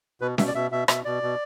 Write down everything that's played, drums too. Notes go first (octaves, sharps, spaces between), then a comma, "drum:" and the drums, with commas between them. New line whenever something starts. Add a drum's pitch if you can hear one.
B2 B4
B2 E5, drum: snare C#4
D5
B2 E5
B2 E5
B2 E5, drum: rim click
B2 D5
B2